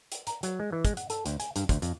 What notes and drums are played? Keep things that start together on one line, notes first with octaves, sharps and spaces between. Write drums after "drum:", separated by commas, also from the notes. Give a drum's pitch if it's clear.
drum: hi-hat
A#5, drum: hi-hat
F#3, drum: hi-hat
G#3
E3
G#3, drum: kick, hi-hat
F#5, drum: hi-hat
A4, drum: hi-hat
D2, drum: hi-hat
G#5, drum: hi-hat
G2, drum: hi-hat
D2, drum: kick, hi-hat
F2, drum: hi-hat